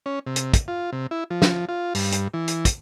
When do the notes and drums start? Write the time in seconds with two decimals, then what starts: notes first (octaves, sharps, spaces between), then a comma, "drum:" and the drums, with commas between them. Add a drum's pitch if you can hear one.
0.06 C#4
0.27 C3
0.36 drum: hi-hat
0.54 drum: kick, hi-hat
0.68 F4
0.92 C3
1.11 E4
1.30 F3
1.42 drum: snare
1.69 F4
1.95 G2, drum: open hi-hat
2.12 drum: hi-hat
2.34 E3
2.48 drum: hi-hat
2.65 drum: kick, hi-hat